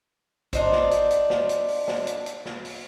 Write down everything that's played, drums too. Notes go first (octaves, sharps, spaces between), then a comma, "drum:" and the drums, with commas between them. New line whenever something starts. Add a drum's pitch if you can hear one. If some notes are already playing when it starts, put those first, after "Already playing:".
D4 D#4 C5, drum: kick A1, hi-hat
drum: snare
drum: hi-hat
drum: hi-hat
drum: snare
drum: hi-hat
drum: open hi-hat
drum: snare
drum: hi-hat
drum: hi-hat
drum: snare
drum: open hi-hat